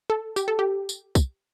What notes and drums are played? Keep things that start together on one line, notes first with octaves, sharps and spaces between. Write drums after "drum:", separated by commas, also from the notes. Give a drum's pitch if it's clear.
A4
G4, drum: tambourine
A4
G4
drum: tambourine
drum: kick, tambourine